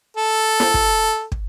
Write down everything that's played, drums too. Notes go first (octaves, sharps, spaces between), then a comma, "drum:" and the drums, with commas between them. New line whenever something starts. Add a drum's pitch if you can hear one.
A4
drum: snare
drum: kick
drum: kick